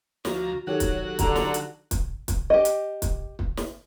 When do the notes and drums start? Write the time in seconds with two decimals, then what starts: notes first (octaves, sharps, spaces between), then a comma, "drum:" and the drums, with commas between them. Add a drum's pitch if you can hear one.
0.25 D2 F3 F#4 A#5, drum: snare
0.67 D#3 F#3 F#4 G4 A4 C#5
0.80 drum: kick, hi-hat
1.19 D3 A#5, drum: kick, hi-hat
1.36 drum: snare
1.54 drum: hi-hat
1.91 drum: kick, hi-hat
2.28 drum: kick, hi-hat
2.50 G4 D#5
2.65 drum: hi-hat
3.02 drum: kick, hi-hat
3.39 drum: kick
3.57 drum: snare